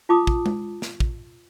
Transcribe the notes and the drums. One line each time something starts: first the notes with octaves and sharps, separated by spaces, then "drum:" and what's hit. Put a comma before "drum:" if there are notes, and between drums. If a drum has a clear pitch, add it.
F4 A5 B5 D6 D#6
drum: kick
drum: tom G#3
drum: snare
drum: kick